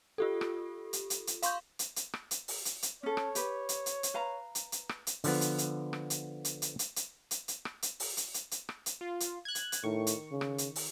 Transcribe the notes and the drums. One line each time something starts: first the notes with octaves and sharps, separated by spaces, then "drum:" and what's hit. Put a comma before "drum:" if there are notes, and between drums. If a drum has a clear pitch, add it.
F4 G4 A4
drum: rim click
drum: hi-hat
drum: hi-hat
drum: hi-hat
F5 C6 C#6 G6, drum: hi-hat
drum: hi-hat
drum: hi-hat
drum: rim click
drum: hi-hat
drum: open hi-hat
drum: hi-hat
drum: hi-hat
C#4 A4 C#5
drum: rim click
G4 B4, drum: hi-hat
drum: hi-hat
drum: hi-hat
drum: hi-hat
B4 F5 A#5
drum: hi-hat
drum: hi-hat
drum: rim click
drum: hi-hat
D3 F3 B3, drum: open hi-hat
drum: hi-hat
drum: hi-hat
drum: rim click
drum: hi-hat
drum: hi-hat
drum: hi-hat
drum: hi-hat
drum: hi-hat
drum: hi-hat
drum: hi-hat
drum: rim click
drum: hi-hat
drum: open hi-hat
drum: hi-hat
drum: hi-hat
drum: hi-hat
drum: rim click
drum: hi-hat
F4
drum: hi-hat
F#6 G#6
drum: hi-hat
drum: hi-hat
A2 D#3 C#6
drum: hi-hat
C#3
drum: rim click
drum: hi-hat
drum: open hi-hat